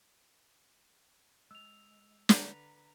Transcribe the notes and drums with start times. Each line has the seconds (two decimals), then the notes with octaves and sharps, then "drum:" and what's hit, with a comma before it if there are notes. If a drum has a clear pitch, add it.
1.51 G#3 E6 F7
2.29 D3 B4 A#5, drum: snare